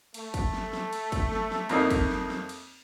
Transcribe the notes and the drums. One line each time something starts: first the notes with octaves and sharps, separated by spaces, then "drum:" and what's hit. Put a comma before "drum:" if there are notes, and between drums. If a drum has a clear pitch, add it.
A3, drum: cymbal
drum: kick, cymbal
drum: snare
drum: snare
drum: cymbal
drum: kick, cymbal
drum: snare
drum: snare
F2 A#3 D#4, drum: cymbal
drum: kick, cymbal
drum: snare
drum: snare
drum: cymbal